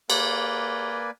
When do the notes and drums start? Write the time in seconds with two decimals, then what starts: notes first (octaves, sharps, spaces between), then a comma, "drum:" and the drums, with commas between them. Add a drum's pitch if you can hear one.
0.10 A#3 B4 D5 G#5, drum: cymbal